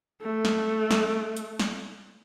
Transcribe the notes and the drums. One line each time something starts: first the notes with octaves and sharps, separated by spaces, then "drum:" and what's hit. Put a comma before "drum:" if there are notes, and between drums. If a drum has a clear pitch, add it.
A3
drum: snare
drum: snare
drum: hi-hat
drum: snare